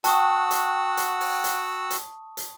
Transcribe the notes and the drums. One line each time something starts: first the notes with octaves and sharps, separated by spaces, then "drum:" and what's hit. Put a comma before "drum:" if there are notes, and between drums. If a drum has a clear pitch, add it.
F#4 F#5 G5 A5 C#6 D#6 E6, drum: hi-hat
drum: hi-hat
drum: hi-hat
drum: open hi-hat
drum: hi-hat
drum: hi-hat
drum: hi-hat